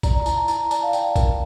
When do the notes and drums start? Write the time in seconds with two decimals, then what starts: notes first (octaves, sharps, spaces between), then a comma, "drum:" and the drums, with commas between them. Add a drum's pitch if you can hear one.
0.03 D5 A#5, drum: kick, tambourine
0.20 A#5
0.26 E4 A5, drum: tambourine
0.48 E4 A#5, drum: tambourine
0.71 D5 A5, drum: tambourine
0.83 F5
0.93 D5 G5, drum: tambourine
1.16 A#4, drum: kick, tambourine